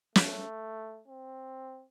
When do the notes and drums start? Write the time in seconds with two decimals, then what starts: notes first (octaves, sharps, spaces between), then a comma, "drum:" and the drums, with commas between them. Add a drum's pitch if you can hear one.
0.16 A3, drum: snare
1.08 C4